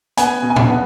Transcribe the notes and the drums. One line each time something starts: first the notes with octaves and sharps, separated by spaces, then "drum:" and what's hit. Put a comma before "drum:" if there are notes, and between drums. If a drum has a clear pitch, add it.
B3 G#5, drum: hi-hat
B2
G#5
A5, drum: tom
B3